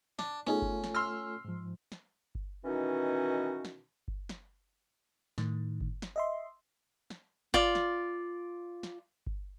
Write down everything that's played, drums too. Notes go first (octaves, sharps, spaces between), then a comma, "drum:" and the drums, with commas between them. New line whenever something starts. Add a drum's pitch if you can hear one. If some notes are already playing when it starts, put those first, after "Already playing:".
D4, drum: snare
A3 B3 C#4 D#4 F4 G#4 A4
drum: kick G1
drum: snare
C6 E6 F6
G#2 F3
drum: snare
drum: kick G1
B2 D#3 E3 C#4 D#4 F#4
drum: snare
drum: kick G1
drum: snare
A2 D#3, drum: snare
drum: kick G1
drum: snare
D#5 E5 C6
drum: snare
F4 D5, drum: kick G1
drum: snare
drum: snare
drum: kick G1